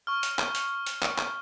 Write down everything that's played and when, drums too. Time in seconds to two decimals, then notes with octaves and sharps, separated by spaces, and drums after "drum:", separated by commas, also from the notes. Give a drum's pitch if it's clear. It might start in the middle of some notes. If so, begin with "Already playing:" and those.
0.07 C#6 F6
0.23 drum: hi-hat
0.39 drum: clap
0.55 drum: hi-hat
0.86 drum: hi-hat
1.02 drum: clap
1.18 drum: clap